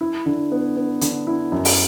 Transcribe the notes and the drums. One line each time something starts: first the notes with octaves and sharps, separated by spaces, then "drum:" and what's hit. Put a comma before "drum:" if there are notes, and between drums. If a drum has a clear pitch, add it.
E4
D3
B3
B3
D3, drum: hi-hat
E4
F#2
drum: open hi-hat